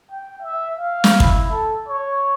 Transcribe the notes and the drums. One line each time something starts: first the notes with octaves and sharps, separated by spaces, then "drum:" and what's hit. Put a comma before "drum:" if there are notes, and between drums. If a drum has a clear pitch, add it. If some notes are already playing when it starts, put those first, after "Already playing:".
G5
E5
F5
drum: snare
E4, drum: kick
A4
C#5